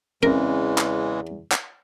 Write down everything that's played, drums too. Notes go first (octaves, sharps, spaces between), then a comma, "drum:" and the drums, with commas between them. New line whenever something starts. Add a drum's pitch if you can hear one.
E2 C#3 E3 G#3 C4 C#4 A#4
drum: clap
drum: clap